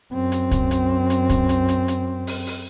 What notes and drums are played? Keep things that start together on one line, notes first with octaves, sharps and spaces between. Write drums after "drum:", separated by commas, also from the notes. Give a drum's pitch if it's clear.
F#2 C4
drum: hi-hat
drum: kick C2, hi-hat
drum: hi-hat
drum: hi-hat
drum: kick C2, hi-hat
drum: hi-hat
drum: hi-hat
drum: hi-hat
drum: open hi-hat
drum: open hi-hat